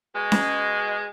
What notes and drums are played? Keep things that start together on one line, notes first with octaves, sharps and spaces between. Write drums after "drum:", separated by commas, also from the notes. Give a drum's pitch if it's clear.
B2 G#3
drum: snare C#4